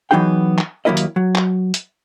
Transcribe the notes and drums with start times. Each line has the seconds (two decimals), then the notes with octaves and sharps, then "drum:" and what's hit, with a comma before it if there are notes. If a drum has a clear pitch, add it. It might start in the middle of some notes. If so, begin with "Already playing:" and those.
0.11 E3 F#3 B3 D#4 G#4 G5
0.58 drum: clap
0.85 D#2 F#3 A#3 E4 A#4 D#5
0.97 drum: hi-hat
1.16 F#3
1.35 drum: clap
1.74 drum: hi-hat